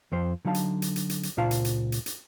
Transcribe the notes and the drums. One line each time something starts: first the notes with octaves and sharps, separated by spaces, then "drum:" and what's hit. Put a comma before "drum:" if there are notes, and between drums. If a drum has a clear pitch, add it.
F2 F3 C5
D3 F#3 D#4 F5 A5
drum: hi-hat
drum: hi-hat
drum: hi-hat
drum: hi-hat
drum: hi-hat
C#2 A#2 F4 C5 F5 A5
drum: hi-hat
drum: hi-hat
drum: hi-hat
drum: hi-hat